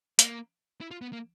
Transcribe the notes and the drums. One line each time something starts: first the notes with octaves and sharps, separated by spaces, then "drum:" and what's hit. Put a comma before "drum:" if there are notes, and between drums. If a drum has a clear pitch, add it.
A#3, drum: hi-hat
E4
F4
B3
A#3